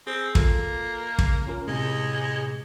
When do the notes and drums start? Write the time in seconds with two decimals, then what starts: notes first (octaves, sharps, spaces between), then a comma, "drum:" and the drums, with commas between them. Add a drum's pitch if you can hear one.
0.07 C4 G#4
0.35 A#3 F4 A4 A#4, drum: kick
1.19 C#3, drum: kick
1.47 C#4 F4 A#4
1.68 A2 C3 G#3